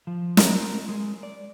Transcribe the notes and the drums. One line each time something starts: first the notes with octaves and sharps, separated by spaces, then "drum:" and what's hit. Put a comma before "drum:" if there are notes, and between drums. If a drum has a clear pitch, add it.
F3
A#4, drum: snare
G#3
D5